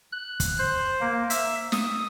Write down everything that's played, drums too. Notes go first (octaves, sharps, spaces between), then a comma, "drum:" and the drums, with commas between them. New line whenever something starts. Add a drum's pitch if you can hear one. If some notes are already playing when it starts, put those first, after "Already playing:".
F#6
drum: kick, hi-hat
C5
A#3
E5, drum: hi-hat
D#6, drum: snare